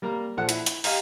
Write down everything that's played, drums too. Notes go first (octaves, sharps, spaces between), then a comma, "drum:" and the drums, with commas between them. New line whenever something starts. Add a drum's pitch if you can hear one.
G3 A#3 A#4 A#5
A#1 F3 A4 F#5
E4, drum: hi-hat
drum: hi-hat
G4 D#5 F5 A#5, drum: open hi-hat